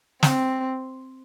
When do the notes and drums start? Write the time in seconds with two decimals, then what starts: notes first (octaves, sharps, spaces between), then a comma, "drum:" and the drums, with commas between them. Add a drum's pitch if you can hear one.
0.23 C4, drum: snare